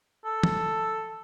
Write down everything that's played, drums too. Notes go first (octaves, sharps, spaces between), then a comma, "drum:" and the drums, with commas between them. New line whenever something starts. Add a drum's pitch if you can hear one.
A4
drum: tom